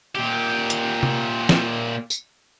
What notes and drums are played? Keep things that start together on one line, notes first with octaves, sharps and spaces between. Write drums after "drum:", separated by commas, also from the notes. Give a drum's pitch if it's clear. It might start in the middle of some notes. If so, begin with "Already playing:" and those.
A#2 G4
drum: hi-hat
drum: tom C3
drum: snare
drum: tambourine